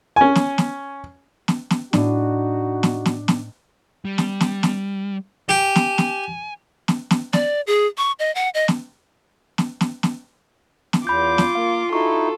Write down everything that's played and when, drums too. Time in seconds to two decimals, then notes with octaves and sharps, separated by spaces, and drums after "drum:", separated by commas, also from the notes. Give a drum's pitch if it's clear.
0.16 C#4 G#5
0.35 drum: snare
0.58 drum: snare
1.48 drum: snare
1.70 drum: snare
1.93 A2 D4 D#4 F#4 D#5, drum: snare
2.83 drum: snare
3.06 drum: snare
3.28 drum: snare
4.05 G3
4.18 drum: snare
4.41 drum: snare
4.63 drum: snare
5.49 G4 G#5
5.76 drum: snare
5.98 drum: snare
6.88 drum: snare
7.11 drum: snare
7.33 D5, drum: snare
7.67 G#4
7.97 C#6
8.19 D#5
8.35 F#5
8.54 D#5
8.68 drum: snare
9.58 drum: snare
9.81 drum: snare
10.03 drum: snare
10.93 drum: snare
11.07 E2 F4 B5 D6 G6
11.38 drum: snare
11.55 A#3 F5
11.93 D#4 E4 F#4 A4 C#6